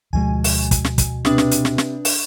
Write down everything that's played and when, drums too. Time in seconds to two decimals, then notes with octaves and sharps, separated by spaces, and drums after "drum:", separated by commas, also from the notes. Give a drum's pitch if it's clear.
0.13 D2 B2 F3 G#3 G#5
0.44 drum: open hi-hat
0.71 drum: kick, hi-hat
0.84 drum: snare
0.98 drum: kick, hi-hat
1.25 C3 D4 B4 D#6, drum: snare
1.38 drum: snare
1.51 drum: hi-hat
1.65 drum: snare
1.78 drum: snare
2.05 drum: open hi-hat